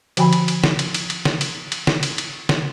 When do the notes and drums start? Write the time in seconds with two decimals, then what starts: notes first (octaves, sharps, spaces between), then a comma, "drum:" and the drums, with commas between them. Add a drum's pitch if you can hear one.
0.17 D3 F3 F#4 G5 G#5 B5, drum: cymbal
0.33 drum: cymbal
0.48 drum: cymbal
0.64 drum: snare
0.79 drum: cymbal
0.94 drum: cymbal
1.10 drum: cymbal
1.25 drum: snare
1.41 drum: cymbal
1.72 drum: cymbal
1.87 drum: snare
2.03 drum: cymbal
2.18 drum: cymbal
2.49 drum: snare